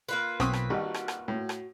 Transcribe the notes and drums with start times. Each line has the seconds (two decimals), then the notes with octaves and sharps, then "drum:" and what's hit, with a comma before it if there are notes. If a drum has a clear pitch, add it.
0.09 A#3 F4 B4
0.40 B1 C4 C#5 D#6 B6, drum: rim click
0.53 drum: rim click
0.70 G#1 G3 D#4 F#4
0.94 drum: rim click
1.08 drum: rim click
1.28 A2
1.49 drum: rim click